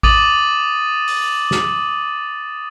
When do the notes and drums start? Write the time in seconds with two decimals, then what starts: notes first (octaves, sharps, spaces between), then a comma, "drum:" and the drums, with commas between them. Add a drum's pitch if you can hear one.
0.03 D6 D#6 A6 D#7 F#7, drum: kick A1
1.08 drum: open hi-hat
1.51 drum: snare